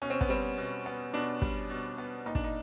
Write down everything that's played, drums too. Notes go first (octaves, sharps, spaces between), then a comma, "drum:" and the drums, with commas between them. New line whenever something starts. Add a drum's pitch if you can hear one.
B2 C#4
C4
B3, drum: kick
G3 C4
B2
B3
B2 D4
G3, drum: kick
B2
B3
A#2 D#4
D4, drum: kick
D#4